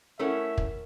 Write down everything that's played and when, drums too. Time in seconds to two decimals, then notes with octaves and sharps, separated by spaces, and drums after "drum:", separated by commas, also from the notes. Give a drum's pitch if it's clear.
0.19 A3 C#4 E4 A#4 E5 F#5 C#6
0.58 drum: kick